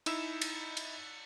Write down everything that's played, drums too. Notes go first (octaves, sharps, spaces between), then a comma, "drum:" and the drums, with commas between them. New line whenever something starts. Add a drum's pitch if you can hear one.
D#4 E4 E6 E7, drum: cymbal
drum: cymbal
drum: cymbal